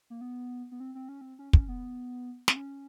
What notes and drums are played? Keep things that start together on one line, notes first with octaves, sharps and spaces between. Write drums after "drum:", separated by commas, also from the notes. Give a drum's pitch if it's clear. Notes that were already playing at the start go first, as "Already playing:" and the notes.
A#3
B3
B3
C4
C4
C#4
C4
C#4
C#4, drum: kick
B3
C4, drum: snare
C#4